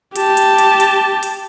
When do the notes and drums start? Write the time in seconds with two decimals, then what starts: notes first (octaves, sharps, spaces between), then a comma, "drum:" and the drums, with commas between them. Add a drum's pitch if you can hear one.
0.16 G4 A5, drum: hi-hat
0.37 drum: hi-hat
0.58 drum: hi-hat
0.80 drum: hi-hat
1.23 drum: hi-hat